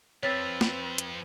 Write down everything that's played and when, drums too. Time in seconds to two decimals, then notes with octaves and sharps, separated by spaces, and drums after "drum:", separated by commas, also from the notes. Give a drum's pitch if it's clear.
0.23 F2 F3 C4 B4 C#5 E6 A6 B6
0.61 drum: snare
0.98 drum: hi-hat